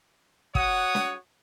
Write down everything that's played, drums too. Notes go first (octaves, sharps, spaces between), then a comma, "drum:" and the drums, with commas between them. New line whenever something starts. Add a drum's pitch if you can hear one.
F#4 C#5 F#5 D#6, drum: kick
drum: snare